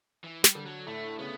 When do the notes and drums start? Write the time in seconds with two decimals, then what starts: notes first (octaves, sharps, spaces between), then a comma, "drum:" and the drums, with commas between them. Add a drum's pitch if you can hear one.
0.24 E3
0.44 G3, drum: snare
0.55 D3
0.66 F#3
0.87 A2 A3
1.18 C#3 B3